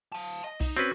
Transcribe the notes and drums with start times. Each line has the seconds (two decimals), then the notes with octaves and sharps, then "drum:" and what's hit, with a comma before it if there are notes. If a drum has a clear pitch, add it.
0.12 F5 A5
0.44 D#5
0.61 D#4, drum: kick B1, cymbal
0.77 C4 C#4 F#4 B4